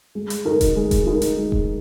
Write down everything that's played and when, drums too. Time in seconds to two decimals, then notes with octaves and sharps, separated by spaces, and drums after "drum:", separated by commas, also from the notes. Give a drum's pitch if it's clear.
0.15 G#3
0.30 drum: hi-hat
0.45 D#4 A#4
0.61 drum: kick D#1, hi-hat
0.76 G#3
0.91 drum: kick D#1, hi-hat
1.07 D#4 A#4
1.22 drum: hi-hat
1.37 G#3
1.52 drum: kick D#1